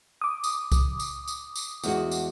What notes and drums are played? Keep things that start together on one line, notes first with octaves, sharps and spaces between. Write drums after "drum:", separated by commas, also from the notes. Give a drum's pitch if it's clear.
D6 D#6
drum: tambourine
drum: kick C2, tambourine
drum: tambourine
drum: tambourine
drum: tambourine
E2 G#3 F#4, drum: tambourine
drum: tambourine